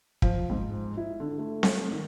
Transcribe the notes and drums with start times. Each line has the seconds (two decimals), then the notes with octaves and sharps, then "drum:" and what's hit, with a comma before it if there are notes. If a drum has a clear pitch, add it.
0.22 F3, drum: kick
0.50 G#2
0.97 E4
1.20 D3
1.38 A3
1.63 drum: snare C4
1.91 D#3